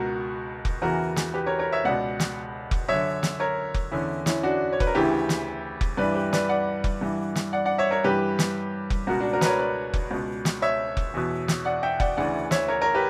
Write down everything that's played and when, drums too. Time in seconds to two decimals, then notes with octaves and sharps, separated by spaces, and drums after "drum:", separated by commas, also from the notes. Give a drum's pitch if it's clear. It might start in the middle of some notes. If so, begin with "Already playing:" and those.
Already playing: C#2 B2 F#4 A#4
0.65 drum: kick F1
0.82 E2 C#3 E3 F#4 A#4
1.16 drum: snare
1.34 G4 B4
1.46 A#4 C#5
1.59 A#4 C#5
1.72 C#5 E5
1.85 C#2 B2 D5 F#5
2.20 drum: snare
2.71 drum: kick F1
2.88 F#2 D3 C#5 E5
3.23 drum: snare
3.40 A#4 C#5
3.74 drum: kick F1
3.91 E2 D3 C#4 E4
4.26 C#4 E4, drum: snare
4.43 D4 F#4
4.73 C#5
4.80 B4, drum: kick F1
4.87 A#4
4.95 D2 C#3 E3 E4 G4
5.29 drum: snare
5.81 drum: kick F1
5.97 G2 E3 B4 D5
6.15 G4 B4
6.33 B4 D5, drum: snare
6.49 D5 F#5
6.84 drum: kick F1
7.01 G2 E3
7.36 drum: snare
7.53 D5 F#5
7.65 D5 F#5
7.78 C#5 E5
7.91 A#4 C#5
8.04 G2 E3 G4 B4
8.39 drum: snare
8.90 drum: kick F1
9.07 C#2 B2 F#4 A#4
9.20 D4 F#4
9.33 F#4 A#4
9.41 B4, drum: snare
9.46 A#4 C#5
9.59 B4 D5
9.94 drum: kick F1
10.11 C#2 B2
10.45 drum: snare
10.62 C#5 E5
10.97 drum: kick F1
11.14 E2 B2
11.48 drum: snare
11.65 D5 F#5
11.83 E5 G5
12.00 D5 F#5, drum: kick F1
12.17 D2 C#3 E3 D5 F#5
12.51 C#5 E5, drum: snare
12.68 A#4 C#5
12.81 A#4 C#5
12.95 G4 B4